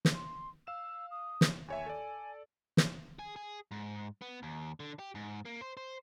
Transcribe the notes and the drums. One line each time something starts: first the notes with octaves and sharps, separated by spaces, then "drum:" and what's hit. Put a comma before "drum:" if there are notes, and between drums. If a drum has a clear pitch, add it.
drum: snare
C6
F5 E6 E7
D#6
drum: snare
D#2 C#5 E5 G#5
A4 D5
drum: snare
G#4
G#4
G#2
B3
D#2
D3
G4
G#2
A#3
C5
C5